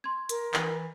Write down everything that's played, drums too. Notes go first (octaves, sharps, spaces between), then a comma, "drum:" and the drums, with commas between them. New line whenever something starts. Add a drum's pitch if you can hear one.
C6 G#6
A#4, drum: hi-hat
E3, drum: clap